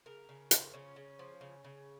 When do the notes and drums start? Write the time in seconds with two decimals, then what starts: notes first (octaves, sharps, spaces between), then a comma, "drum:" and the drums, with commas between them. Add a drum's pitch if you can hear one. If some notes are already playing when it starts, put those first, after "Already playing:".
0.06 C#3 A#4
0.29 C#3
0.51 F3, drum: hi-hat
0.74 C#3 C#4
0.96 C#3
1.19 F3
1.41 C#3
1.64 C#3